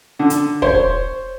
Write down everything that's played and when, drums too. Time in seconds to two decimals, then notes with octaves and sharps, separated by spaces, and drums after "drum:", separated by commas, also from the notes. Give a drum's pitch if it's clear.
0.19 D3
0.30 drum: hi-hat
0.62 C5 C#5, drum: kick